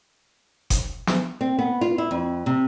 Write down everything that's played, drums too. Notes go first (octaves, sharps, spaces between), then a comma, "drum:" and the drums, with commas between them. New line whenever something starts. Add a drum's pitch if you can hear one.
drum: kick F#1, hi-hat
drum: snare
C4
B3
F4
E4
F2
C3